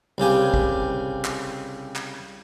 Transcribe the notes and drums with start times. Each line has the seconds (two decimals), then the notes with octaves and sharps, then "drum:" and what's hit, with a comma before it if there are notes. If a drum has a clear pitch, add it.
0.18 C2 C#3 G4 G#5
0.54 drum: kick
1.25 drum: clap
1.96 drum: clap